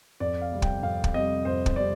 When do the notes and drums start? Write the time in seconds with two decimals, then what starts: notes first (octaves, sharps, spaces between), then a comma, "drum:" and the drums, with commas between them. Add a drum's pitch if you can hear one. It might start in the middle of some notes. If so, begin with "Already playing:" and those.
0.20 F2 D5
0.42 F5
0.52 C3 G3
0.62 G5, drum: kick
0.83 F2 F5
1.04 drum: kick
1.14 C3 G3 D#5
1.45 F2 C5
1.66 drum: kick
1.76 C3 G3 D5